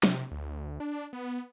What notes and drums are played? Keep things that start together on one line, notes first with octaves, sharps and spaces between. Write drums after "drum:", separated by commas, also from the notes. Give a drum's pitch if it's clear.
C3, drum: snare
D2
D4
B3